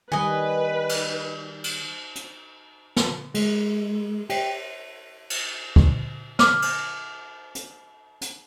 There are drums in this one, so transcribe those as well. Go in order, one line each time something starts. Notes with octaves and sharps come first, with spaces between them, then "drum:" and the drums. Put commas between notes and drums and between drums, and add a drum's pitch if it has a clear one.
D#3 G3 B4 D#5 G#5
drum: cymbal
drum: cymbal
drum: hi-hat
drum: snare
G#3, drum: cymbal
G4, drum: cymbal
drum: cymbal
drum: kick
D6 F6, drum: snare
drum: cymbal
drum: hi-hat
drum: hi-hat